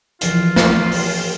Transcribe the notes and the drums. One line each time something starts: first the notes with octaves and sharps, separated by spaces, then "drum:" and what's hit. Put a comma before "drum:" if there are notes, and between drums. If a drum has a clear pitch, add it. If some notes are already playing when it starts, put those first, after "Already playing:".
E3 F3 F4 B4, drum: hi-hat
drum: snare
drum: open hi-hat